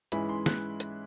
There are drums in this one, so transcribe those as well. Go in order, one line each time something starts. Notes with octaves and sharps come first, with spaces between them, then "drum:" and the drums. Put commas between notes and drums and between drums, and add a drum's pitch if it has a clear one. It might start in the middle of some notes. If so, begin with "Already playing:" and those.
G#2 E3 G#3 C#4 E4 B5, drum: hi-hat
C6
F#6, drum: snare
drum: hi-hat